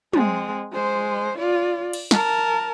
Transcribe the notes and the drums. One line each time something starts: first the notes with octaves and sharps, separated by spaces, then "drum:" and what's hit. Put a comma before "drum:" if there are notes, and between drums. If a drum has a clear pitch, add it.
G#3 C4, drum: tom
G#3 C5
F4 D5
drum: cymbal
A#4 A5, drum: snare